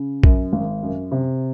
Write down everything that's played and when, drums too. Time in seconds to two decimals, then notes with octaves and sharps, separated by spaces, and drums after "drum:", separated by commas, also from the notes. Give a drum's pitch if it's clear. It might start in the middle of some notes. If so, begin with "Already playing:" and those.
Already playing: C#3
0.23 F#2, drum: kick A#1
0.53 G#1
0.83 F#2
1.12 C3